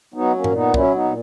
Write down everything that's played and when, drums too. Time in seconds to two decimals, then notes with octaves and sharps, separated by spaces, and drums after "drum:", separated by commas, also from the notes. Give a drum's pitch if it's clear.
0.14 F#3 B3 D#4
0.35 A#3 C#4
0.44 A#2, drum: tom G2
0.55 B3 D#4
0.74 F#3 C#4 E4, drum: kick
0.94 B3 D#4
1.04 A#2